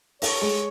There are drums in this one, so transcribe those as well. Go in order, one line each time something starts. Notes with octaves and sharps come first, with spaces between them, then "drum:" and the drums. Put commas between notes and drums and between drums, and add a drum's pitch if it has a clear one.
A4 C#5, drum: open hi-hat
G#3